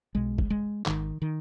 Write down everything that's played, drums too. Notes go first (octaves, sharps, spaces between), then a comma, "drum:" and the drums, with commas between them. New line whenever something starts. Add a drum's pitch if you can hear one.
B1 B2 G#3
drum: kick
G#3
G#1 G#2 D#3, drum: clap
D#3